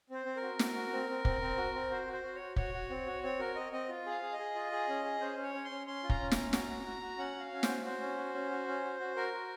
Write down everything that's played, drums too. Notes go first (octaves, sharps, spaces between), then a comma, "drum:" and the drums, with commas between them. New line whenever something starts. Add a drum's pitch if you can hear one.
C4 C5
C4
A#4
F#4
F#4, drum: snare
F#4
C4
C4
C4, drum: kick
C4
F#4
C4
F#4 C5
F#4
C5
F#4
C#5
F#4
F#4 C#5, drum: kick
F#4
C4
F#4
C4 C#5
F#4 A#4
C4 D#5
C4 D#5
F4
G#4 F5
G#4
D#5
G#4
F4
G#4
C#4
G#4
C#4 C5
C#4
C#5
C#4
C6
C#4
C#4 C6
F4
A#5, drum: kick
C#4
C#4 A#5, drum: snare
F#4 A#5, drum: snare
F#4
F#4
F#4
C#4 F#5
F#4 F5
C#4
C5, drum: snare
F#4
F#4 C5
C#4
F#4
C#4
F#4
C#4
F#4
F#4
F#4 A#4
F#4